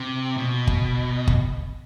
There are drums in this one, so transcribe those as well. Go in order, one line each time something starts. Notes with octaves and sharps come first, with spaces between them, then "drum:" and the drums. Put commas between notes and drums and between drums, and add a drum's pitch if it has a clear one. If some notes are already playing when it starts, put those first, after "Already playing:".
Already playing: C3
B2
drum: kick G1
drum: kick G1